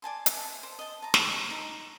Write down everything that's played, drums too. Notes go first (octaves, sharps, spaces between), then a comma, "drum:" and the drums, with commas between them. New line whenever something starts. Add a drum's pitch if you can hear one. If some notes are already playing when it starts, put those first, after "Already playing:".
D5 G#5 A5 C6
drum: hi-hat
A5
C5
D#5 A5
A5 A#5
drum: snare
D#4 C#6